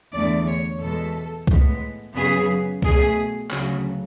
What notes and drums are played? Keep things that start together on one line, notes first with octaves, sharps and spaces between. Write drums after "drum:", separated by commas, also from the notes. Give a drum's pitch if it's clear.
E2 D3 A3 D5
C#5
E2 B2 G#3 A4
A2 G#3 B3, drum: kick C2
F#2 C#3 F#3 B3 G#4
B2 A3 G#4, drum: kick C2
D2 C#3 F#3 F#4, drum: clap